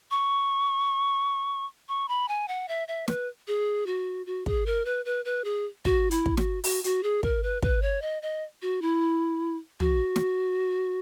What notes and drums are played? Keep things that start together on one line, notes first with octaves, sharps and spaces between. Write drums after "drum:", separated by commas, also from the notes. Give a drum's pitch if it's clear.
C#6
C#6
B5
G#5
F#5
E5
E5
B4, drum: snare
G#4
F#4
F#4
G#4, drum: kick
A#4
B4
B4
B4
G#4
F#4, drum: kick
E4, drum: hi-hat
drum: kick
F#4, drum: snare
F#4, drum: open hi-hat
F#4, drum: hi-hat
G#4
A#4, drum: kick
B4
B4, drum: kick
C#5
D#5
D#5
F#4
E4
F#4, drum: tom
drum: snare